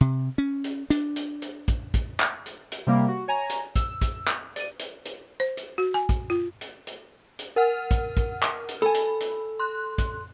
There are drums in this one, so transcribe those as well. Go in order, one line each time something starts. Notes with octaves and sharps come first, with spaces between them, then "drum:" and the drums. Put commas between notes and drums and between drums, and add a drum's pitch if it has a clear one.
C3
C#4
drum: hi-hat
D4, drum: hi-hat
drum: hi-hat
drum: hi-hat
drum: kick, hi-hat
drum: kick, hi-hat
drum: clap
drum: hi-hat
drum: hi-hat
C3 G3 A#3
F#4
C#5 G#5 A#5
drum: hi-hat
E6, drum: kick, hi-hat
drum: kick, hi-hat
drum: clap
D5 D#7, drum: hi-hat
drum: hi-hat
drum: hi-hat
C5
drum: hi-hat
F#4
G#5
drum: kick, hi-hat
F4
drum: hi-hat
drum: hi-hat
drum: hi-hat
A#4 F#5 F6
drum: kick, hi-hat
drum: kick, hi-hat
drum: clap
drum: hi-hat
A4 G#5 B5
drum: hi-hat
drum: hi-hat
C6 F#6
drum: kick, hi-hat